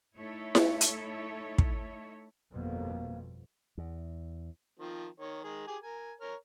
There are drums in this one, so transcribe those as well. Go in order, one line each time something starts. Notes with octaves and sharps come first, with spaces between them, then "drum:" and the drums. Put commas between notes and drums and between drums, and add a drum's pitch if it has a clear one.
A3 D#4 E4 A4 C#5 E5
drum: snare E4
drum: hi-hat
drum: kick
G1 F2 B2 A#3
E2
D#3 F3 C4
D#3 C#5
D#3 G#3 G#4
G4 G#4 G#5
A#4 G#5
A#4 C#5 F6